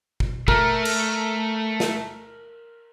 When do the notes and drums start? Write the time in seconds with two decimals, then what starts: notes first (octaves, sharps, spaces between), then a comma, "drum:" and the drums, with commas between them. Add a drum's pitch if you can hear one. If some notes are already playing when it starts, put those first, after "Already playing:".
0.20 drum: kick
0.48 A3 A#4, drum: kick
0.85 drum: cymbal
1.80 drum: snare